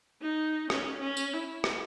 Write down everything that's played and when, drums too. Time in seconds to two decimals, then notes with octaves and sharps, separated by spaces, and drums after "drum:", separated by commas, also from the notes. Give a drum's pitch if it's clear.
0.22 D#4
0.70 C#4, drum: rim click
1.00 C#4
1.17 drum: tambourine
1.33 E4
1.64 drum: rim click